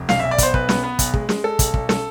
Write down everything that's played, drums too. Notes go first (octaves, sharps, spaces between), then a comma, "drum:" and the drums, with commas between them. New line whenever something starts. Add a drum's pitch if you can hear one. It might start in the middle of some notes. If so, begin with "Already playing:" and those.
Already playing: F1
B1 F5, drum: snare
B1 E5
D5
B3 C5, drum: kick, hi-hat
B1 B4, drum: kick
B3, drum: snare
B3
B1, drum: kick, hi-hat
G#3, drum: kick
G#3, drum: snare
G#3 A4
B1, drum: kick, hi-hat
B1, drum: kick
A4, drum: snare